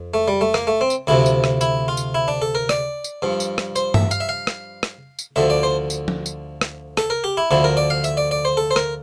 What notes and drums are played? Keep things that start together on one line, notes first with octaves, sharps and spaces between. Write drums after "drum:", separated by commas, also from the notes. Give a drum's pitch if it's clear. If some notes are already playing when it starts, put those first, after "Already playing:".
Already playing: F2
A3
G3
A3
A#3, drum: rim click
A3
C4
drum: tambourine
D2 C3 F3 E4
drum: tambourine
drum: rim click
E4, drum: tambourine
F4
drum: tambourine
E4
D4
A4
A#4
D5, drum: rim click
drum: tambourine
G2 F3
drum: tambourine
drum: rim click
C5, drum: tambourine
E5, drum: tom G2
F5, drum: tambourine
E5
F5
drum: rim click
drum: rim click
drum: tambourine
D2 D3 F3 E5
D5
C5
drum: tambourine
drum: tom F3
drum: tambourine
drum: rim click
A4, drum: rim click
A#4
G4
E4
D2 D3 F3 E4
A#4
D5
F5
E5, drum: tambourine
D5
D5
C5
A4
C5
A#4, drum: rim click